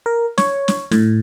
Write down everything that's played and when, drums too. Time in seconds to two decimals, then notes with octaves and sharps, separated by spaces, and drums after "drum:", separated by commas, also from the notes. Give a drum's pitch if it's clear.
0.06 A#4
0.38 C#5, drum: snare
0.68 drum: snare
0.91 A2, drum: snare